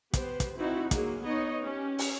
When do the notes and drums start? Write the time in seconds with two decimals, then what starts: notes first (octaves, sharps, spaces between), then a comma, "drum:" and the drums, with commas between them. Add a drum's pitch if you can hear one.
0.13 B3 G4 C5, drum: kick, hi-hat
0.40 drum: kick, hi-hat
0.58 C4 D#4 E4 F#4
0.91 F#3 G#3 A#3 G#4, drum: kick, hi-hat
1.23 B3 D#4 C#5 D#5
1.64 C#4 G4
1.99 drum: open hi-hat